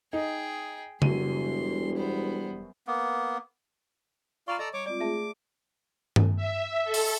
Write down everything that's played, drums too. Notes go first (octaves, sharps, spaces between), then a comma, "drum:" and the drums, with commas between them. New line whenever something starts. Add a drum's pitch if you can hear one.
D#4 G#4 G5
E1 F#2 F#3 G3 C6 D#7, drum: tom C#3
B3 C5
A#3 B3
F4 D5 F5 A#5 B5 C#6
A4 D5 D#5 A#5
G3 C#5 D6
G#3 C4 F4 D5 D6
A3 G#4 E5 A5
drum: tom G2
E5
A4
drum: open hi-hat